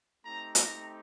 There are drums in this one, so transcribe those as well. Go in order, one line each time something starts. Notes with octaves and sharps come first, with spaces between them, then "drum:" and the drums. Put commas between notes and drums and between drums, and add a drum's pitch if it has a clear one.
A3 C4 D#4 G4 A#5
A#5, drum: hi-hat